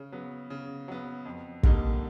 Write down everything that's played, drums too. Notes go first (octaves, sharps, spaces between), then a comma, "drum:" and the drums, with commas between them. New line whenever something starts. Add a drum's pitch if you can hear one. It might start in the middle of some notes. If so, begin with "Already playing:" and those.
Already playing: C#3
F#3 B3
C#3
F#3 B3
F2
D3 G3 A#3 D#4, drum: kick